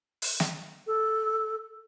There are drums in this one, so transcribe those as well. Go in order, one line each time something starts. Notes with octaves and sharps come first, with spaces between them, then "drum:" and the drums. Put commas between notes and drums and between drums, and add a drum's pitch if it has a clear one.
drum: open hi-hat
drum: snare
A4